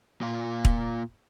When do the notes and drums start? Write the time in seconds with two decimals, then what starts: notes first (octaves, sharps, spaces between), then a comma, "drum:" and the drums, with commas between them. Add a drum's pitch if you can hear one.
0.21 A#2 F4
0.65 drum: kick